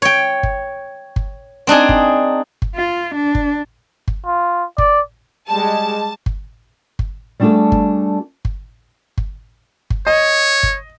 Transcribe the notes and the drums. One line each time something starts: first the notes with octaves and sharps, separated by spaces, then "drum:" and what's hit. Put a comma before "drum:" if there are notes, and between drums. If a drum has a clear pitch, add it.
C#5 G5
drum: kick G1
drum: kick G1
C4 D4 D#4 G#4
drum: kick G1
drum: kick G1
F4
D4
drum: kick G1
drum: kick G1
F4
D5, drum: kick G1
G3 G#3 A5
drum: kick G1
drum: kick G1
G3 A3 D4 F#4 G#4 A4
drum: kick G1
drum: kick G1
drum: kick G1
drum: kick G1
C#5 D#5
drum: kick G1